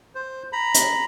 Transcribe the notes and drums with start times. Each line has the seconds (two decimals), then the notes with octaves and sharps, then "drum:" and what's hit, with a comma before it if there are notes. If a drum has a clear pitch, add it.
0.15 C5
0.53 A#5 B5
0.74 drum: hi-hat